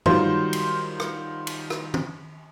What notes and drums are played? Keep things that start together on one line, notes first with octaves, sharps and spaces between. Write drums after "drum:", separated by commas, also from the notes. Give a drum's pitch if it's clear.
D#3 F#3 G3 F4 C5, drum: tom
drum: cymbal
drum: rim click
drum: cymbal
drum: rim click
drum: tom